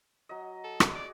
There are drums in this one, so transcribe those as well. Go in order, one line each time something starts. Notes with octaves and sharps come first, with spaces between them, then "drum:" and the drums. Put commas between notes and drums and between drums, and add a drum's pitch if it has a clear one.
F#3 D#5
A4
F#4 G#4 D6, drum: rim click
D5